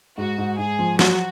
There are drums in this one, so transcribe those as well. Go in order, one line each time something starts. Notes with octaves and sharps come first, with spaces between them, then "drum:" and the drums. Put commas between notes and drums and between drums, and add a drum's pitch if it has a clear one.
G#2 F#4
G#2
G#2 G#4
F3
F#3 F#4, drum: snare